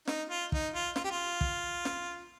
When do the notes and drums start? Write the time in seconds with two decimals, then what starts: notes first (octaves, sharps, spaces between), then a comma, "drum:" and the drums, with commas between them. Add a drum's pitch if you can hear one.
0.08 D#4, drum: snare
0.29 F4
0.52 D#4, drum: kick
0.74 F4
0.96 F4, drum: snare
1.04 G4
1.11 F4
1.41 drum: kick
1.85 drum: snare